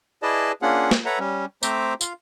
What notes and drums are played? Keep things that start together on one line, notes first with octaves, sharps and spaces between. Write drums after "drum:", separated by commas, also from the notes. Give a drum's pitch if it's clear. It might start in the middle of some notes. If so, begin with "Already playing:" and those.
E4 G#4 B4 D5 D#5 A5
A#3 C#4 D4 F4 G#4 F#5
drum: snare
A4 B4 C#5 E5 F#5 A#5
G3 C#4
A3 C4 C5 E5 A#5 D6, drum: tambourine
F4 F5, drum: tambourine